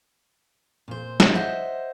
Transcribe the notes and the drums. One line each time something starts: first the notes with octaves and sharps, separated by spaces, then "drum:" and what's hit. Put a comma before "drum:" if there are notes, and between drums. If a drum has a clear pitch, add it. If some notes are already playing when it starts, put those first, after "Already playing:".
A#2 C5
drum: snare
C5 C#5 D#5 E5 F#5